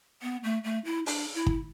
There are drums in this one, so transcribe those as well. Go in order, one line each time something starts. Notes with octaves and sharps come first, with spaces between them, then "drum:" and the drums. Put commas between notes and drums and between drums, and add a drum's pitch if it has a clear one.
B3
A3
A3
E4
D4, drum: open hi-hat
E4
drum: kick